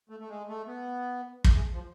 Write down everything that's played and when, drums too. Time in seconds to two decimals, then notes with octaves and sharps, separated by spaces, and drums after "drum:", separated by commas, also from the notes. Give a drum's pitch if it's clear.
0.09 A3
0.20 A3
0.29 G#3
0.48 A3
0.68 B3
1.44 A3, drum: kick
1.54 G#3
1.73 F3